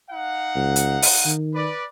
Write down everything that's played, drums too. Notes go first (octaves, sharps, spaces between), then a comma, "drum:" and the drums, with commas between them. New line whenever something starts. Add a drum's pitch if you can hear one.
D#4 F5 F#5
C#2
drum: hi-hat
drum: open hi-hat
D#3
B4 D5